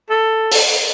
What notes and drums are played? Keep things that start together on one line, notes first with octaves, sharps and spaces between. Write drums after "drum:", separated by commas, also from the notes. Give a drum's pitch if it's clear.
A4
drum: open hi-hat